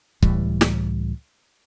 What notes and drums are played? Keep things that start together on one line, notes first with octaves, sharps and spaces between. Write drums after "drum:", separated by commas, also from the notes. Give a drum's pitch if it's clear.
C#2 A2 E3 G3, drum: kick C#1
drum: snare